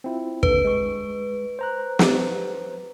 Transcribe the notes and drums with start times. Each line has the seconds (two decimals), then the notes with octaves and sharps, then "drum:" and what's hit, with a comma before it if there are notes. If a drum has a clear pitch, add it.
0.04 C4 E4 F4
0.43 D#2 D3 D4 B4, drum: kick
0.64 G#3 C#6
1.59 C5 A#5 F#6
1.99 drum: snare